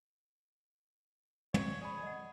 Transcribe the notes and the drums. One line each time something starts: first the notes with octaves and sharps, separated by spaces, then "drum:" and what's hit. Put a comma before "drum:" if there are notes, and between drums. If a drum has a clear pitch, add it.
C#5, drum: tom
G#4 D5 G#5 B5
D#5 F#5